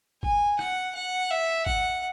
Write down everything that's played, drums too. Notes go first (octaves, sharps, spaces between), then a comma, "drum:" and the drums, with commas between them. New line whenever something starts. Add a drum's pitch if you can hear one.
G#5, drum: kick
F#5, drum: rim click
F#5
E5
F#5, drum: kick